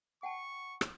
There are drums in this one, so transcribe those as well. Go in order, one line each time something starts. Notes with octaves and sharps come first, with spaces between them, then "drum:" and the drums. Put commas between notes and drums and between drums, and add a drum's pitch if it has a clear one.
F#5 G5 A5 C#6
drum: rim click